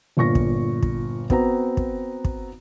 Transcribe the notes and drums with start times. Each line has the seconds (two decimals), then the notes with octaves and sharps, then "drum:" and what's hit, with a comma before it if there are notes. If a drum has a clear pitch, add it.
0.17 G1 A#2 C#6 A#6
0.35 drum: kick
0.82 drum: kick
1.30 B3 C4 F#4 A#5, drum: kick
1.77 drum: kick
2.25 drum: kick